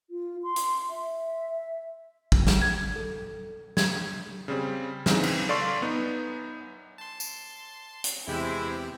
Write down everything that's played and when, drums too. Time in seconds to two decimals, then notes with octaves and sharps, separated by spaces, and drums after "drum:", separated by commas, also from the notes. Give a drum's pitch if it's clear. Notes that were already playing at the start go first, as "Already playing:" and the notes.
0.10 F4
0.43 C6
0.56 drum: hi-hat
0.90 E5
2.32 drum: kick
2.47 drum: snare
2.62 G#6
2.96 A4
3.77 G#6, drum: snare
4.48 C#3 G3 C4
5.06 C#3 E3 C4 D#4, drum: snare
5.24 drum: cymbal
5.49 A4 D5 F5 C6 C#6
5.82 B3 D#4
6.98 A5 C6
7.20 drum: tambourine
8.04 drum: hi-hat
8.28 E2 C3 G#3 C4 E4 G4